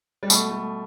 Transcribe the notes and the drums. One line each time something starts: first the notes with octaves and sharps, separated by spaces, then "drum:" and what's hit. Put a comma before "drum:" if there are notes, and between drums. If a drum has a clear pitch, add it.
G3
B2 A3, drum: tambourine
A3